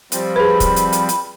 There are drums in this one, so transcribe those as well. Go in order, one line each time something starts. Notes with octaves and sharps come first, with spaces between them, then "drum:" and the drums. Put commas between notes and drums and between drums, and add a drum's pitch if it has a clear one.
F3 G3 C4, drum: hi-hat
G#4 B4 B5
drum: kick, hi-hat
drum: hi-hat
drum: hi-hat
drum: hi-hat